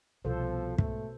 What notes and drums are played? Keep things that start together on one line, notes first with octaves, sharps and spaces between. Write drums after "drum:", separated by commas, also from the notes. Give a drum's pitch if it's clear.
C2 B2 F3 A4 C5
G#2 A3, drum: kick